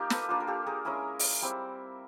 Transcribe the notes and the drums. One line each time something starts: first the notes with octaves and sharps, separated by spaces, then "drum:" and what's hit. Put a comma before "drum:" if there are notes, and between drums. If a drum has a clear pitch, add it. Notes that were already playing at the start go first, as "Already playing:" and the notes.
Already playing: A#3 D#4 F4 G4
A4 B4, drum: snare
A#3 D4 F4
A#4
G4 A4
G#4 A#4
G#3 C#4 E4 G#4 A#4
drum: open hi-hat
G3 C4 E4